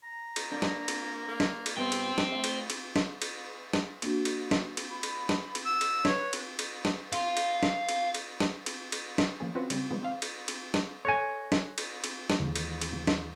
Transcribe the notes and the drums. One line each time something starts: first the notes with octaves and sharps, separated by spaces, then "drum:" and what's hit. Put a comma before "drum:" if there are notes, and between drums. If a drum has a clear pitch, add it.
A#5
drum: cymbal
A#3 D4
drum: snare
drum: cymbal
A#3
drum: snare
drum: cymbal
G2 C3 B3 C5 G5
drum: cymbal
drum: snare
A3 E5
drum: cymbal
drum: cymbal
drum: snare
drum: cymbal
drum: snare
A#3 D4 F#4, drum: cymbal
drum: cymbal
drum: snare
drum: cymbal
B5
drum: cymbal
drum: snare
drum: cymbal
F#5 E6
drum: cymbal
B4 C#5, drum: snare
drum: cymbal
drum: cymbal
drum: snare
F5 C6, drum: cymbal
drum: cymbal
drum: snare
drum: cymbal
drum: cymbal
drum: snare
drum: cymbal
drum: cymbal
drum: snare
D#3 F3 A#3 C#4 G#4
C4 C#4 F4 F#4 B4
C#3 G3 C4, drum: cymbal
C3 D#3 F3 G3 G#3 B3
C4 F5
drum: cymbal
drum: cymbal
drum: snare
A4 C#5 G#5 F#6 A#6
drum: snare
drum: cymbal
drum: cymbal
drum: snare
D#2 E3 G#3
drum: cymbal
drum: cymbal
drum: snare